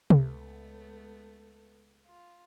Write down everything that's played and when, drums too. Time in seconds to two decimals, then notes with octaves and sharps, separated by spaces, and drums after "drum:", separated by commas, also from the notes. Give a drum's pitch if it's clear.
0.10 C#2 G#3 A3 B3, drum: tom C3
2.06 F4